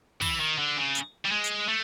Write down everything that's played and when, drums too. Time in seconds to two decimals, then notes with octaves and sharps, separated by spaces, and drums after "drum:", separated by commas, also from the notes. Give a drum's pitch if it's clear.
0.21 E3, drum: kick, open hi-hat
0.40 D#3
0.58 D3
0.77 C#3
0.95 drum: hi-hat
1.25 G3
1.31 G#3
1.44 drum: hi-hat
1.68 A3